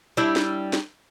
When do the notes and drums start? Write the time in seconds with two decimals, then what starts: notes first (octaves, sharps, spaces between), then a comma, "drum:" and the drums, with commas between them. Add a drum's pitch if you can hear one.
0.17 G3 D4 E4
0.36 drum: snare
0.73 drum: snare